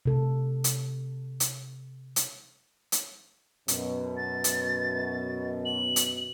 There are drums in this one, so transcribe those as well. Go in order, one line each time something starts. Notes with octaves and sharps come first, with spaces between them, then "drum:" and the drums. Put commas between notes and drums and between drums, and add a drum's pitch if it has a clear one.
C3 A4
drum: hi-hat
drum: hi-hat
drum: hi-hat
drum: hi-hat
F#2 B2, drum: hi-hat
A6
drum: hi-hat
F#7
drum: hi-hat